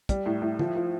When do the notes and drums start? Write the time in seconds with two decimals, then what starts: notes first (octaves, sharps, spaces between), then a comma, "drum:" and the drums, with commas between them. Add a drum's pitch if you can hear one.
0.09 G3, drum: kick, hi-hat
0.26 A2
0.42 A2
0.59 F3, drum: tom
0.76 F3